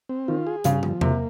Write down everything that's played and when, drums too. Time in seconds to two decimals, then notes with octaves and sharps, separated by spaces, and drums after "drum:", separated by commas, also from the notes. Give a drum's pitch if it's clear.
0.09 C4
0.28 D#3 F4
0.47 G#4
0.64 G2 C#3, drum: hi-hat
0.83 F3, drum: tom
1.01 C3 A#3, drum: tom E2